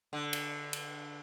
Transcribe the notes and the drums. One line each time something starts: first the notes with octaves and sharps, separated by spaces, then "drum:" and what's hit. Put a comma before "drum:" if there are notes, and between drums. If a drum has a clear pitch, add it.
D3
drum: cymbal
drum: cymbal